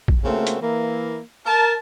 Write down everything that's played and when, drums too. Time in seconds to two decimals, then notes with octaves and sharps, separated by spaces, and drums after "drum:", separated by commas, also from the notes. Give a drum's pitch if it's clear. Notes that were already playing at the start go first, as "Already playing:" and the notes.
0.08 drum: kick A#1
0.25 C#3 A3 A#3 C4 F4 F#4
0.47 drum: hi-hat
0.62 E3 A#3 E4
1.46 A#4 A5